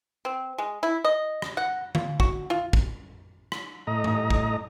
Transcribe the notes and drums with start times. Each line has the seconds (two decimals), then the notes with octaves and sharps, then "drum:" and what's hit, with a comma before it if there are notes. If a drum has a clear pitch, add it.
0.25 C4
0.58 G#3
0.83 E4
1.05 D#5
1.42 drum: rim click
1.57 F#5
1.95 F4, drum: tom D3
2.20 F#4, drum: kick
2.50 F4
2.73 drum: kick
3.52 drum: rim click
3.87 A2 D#5 A#5
4.04 drum: tom G#2
4.30 drum: kick